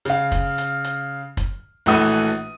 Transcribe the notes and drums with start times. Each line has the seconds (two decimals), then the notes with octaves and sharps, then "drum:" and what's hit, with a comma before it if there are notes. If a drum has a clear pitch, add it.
0.05 C#3 F5, drum: hi-hat
0.32 drum: kick, hi-hat
0.58 drum: hi-hat
0.84 drum: hi-hat
1.37 drum: kick, hi-hat
1.86 A#1 E3 A3 F#4 B4 D#6